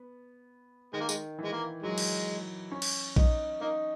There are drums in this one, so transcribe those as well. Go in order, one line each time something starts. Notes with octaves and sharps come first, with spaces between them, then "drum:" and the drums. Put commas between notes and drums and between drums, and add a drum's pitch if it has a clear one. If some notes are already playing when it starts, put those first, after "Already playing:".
Already playing: B3
D#3 G#3
A#3
G#3, drum: tambourine
E3
G#3
A#3
F#3 G#3
drum: cymbal
C#4
drum: cymbal
D#4, drum: kick A#1
A#3 D#4